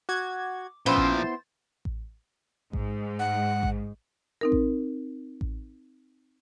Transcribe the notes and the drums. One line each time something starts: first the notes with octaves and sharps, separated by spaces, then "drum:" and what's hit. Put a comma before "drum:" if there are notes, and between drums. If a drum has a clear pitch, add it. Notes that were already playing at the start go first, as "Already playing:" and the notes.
F#4 D6 G#6
A#2 F3 B3 C#4 E4 C5 C6
drum: kick A1
A6
drum: kick A1
G#2, drum: kick A1
F#5
drum: kick A1
C4 D#4 A#4
drum: kick A1
drum: kick A1